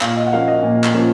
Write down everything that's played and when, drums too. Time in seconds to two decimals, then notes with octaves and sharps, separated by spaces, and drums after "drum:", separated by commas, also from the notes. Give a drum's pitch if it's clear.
0.01 A#2 F5, drum: clap
0.17 D#5
0.27 F#5
0.32 F3 A#3 C#4 F5
0.48 D#5
0.63 A#2
0.84 drum: clap
0.93 F3 A#3 C#4